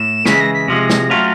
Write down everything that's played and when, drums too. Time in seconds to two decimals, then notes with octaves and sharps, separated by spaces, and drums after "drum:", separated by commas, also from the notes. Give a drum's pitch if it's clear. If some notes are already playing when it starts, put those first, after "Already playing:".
Already playing: A2 E7
0.26 C#3 E3 G#3 B6, drum: snare
0.40 A#6
0.54 B6
0.68 C3 F3 G#3 A#6
0.90 drum: snare
1.10 F#3 A3 C#4 F4